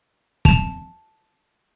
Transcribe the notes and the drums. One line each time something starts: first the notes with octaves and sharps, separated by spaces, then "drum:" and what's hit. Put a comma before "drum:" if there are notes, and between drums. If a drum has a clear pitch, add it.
A5 F7, drum: kick